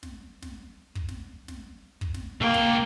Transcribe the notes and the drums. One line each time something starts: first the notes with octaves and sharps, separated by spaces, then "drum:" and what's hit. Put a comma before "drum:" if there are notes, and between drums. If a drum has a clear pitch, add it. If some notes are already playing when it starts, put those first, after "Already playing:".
drum: snare
drum: snare
drum: kick
drum: snare
drum: snare
drum: kick
drum: snare
C#2 A#3 G5
drum: snare